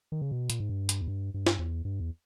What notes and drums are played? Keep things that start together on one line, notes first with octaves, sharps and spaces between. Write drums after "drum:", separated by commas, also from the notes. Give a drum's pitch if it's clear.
D#3
C#3
B2
A#2, drum: hi-hat
G#2
G2
drum: hi-hat
E2
G2
G2
drum: snare
E2
G2
E2